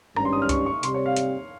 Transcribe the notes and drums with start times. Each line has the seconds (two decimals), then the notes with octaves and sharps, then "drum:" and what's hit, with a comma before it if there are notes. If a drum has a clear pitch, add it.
0.16 G#1 G2 G3 C#4 A#5, drum: rim click
0.25 C6
0.33 D#6
0.42 F6
0.49 C#6, drum: kick C2, hi-hat
0.66 C#6
0.83 C3 G3 C4 C6, drum: hi-hat
0.94 C#5
1.06 F5
1.16 drum: hi-hat